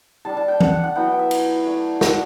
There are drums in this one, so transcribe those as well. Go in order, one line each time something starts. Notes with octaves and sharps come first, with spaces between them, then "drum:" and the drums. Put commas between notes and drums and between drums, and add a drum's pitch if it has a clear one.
G3 D4 A5
A5
G5
F#5, drum: tom E3
F#5
F#5
F#3 B3 E4 G5
G5
E5
drum: cymbal
A3 D4
F#4, drum: snare